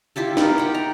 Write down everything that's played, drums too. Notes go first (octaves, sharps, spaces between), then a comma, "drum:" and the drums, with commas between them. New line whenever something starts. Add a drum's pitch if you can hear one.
E4 F4 G4 A4
D#4 F4 G4 A#4, drum: snare
F#5 G5
A#5